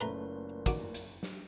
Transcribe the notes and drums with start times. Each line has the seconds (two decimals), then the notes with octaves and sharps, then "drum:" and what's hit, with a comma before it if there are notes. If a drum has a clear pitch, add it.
0.01 F#1 A#2 A3 C#4 B4 A#5 B5 G7
0.66 D#3 F#4 D6, drum: kick, hi-hat
0.94 drum: hi-hat
1.23 drum: snare